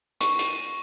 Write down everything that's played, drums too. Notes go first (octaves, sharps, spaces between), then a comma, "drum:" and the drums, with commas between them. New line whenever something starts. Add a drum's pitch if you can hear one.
C#6, drum: hi-hat
drum: hi-hat
D#7